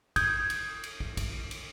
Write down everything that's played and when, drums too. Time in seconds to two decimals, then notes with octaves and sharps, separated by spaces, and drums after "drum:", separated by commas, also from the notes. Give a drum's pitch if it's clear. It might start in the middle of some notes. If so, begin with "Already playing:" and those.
0.16 D#6 G6 G#6, drum: kick, cymbal
0.50 drum: cymbal
0.84 drum: cymbal
1.00 drum: kick
1.17 drum: kick, cymbal
1.51 drum: cymbal